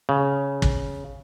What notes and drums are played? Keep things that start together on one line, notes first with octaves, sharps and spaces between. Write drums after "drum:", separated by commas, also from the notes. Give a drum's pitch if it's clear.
C#3
drum: kick